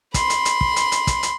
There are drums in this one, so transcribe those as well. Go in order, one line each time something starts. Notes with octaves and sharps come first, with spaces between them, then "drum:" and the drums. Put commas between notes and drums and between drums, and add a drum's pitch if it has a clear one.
B5 C6, drum: kick, hi-hat
drum: hi-hat
drum: hi-hat
drum: kick
drum: hi-hat
drum: hi-hat
drum: kick, hi-hat
drum: hi-hat